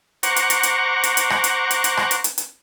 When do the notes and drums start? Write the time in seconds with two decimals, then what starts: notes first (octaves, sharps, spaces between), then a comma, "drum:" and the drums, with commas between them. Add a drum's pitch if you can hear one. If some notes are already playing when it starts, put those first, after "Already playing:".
0.23 C5 F#5 A#5 C#6 D6, drum: hi-hat
0.36 drum: hi-hat
0.50 drum: hi-hat
0.63 drum: hi-hat
1.04 drum: hi-hat
1.17 drum: hi-hat
1.30 drum: rim click
1.44 drum: hi-hat
1.71 drum: hi-hat
1.84 drum: hi-hat
1.97 drum: rim click
2.11 drum: hi-hat
2.24 drum: hi-hat
2.38 drum: hi-hat